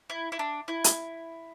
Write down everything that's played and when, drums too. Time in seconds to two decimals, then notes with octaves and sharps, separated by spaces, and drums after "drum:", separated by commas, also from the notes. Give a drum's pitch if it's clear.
0.10 E4
0.32 E4
0.39 D4
0.68 E4
0.84 drum: hi-hat